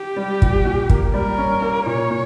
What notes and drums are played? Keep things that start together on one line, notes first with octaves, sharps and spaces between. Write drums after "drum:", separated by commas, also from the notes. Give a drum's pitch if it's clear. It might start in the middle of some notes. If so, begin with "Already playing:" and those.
Already playing: G4
G3
A#2, drum: kick
A#2
A#3, drum: kick
G3 A#4
C#4
A#3
A#2 C#5
A#2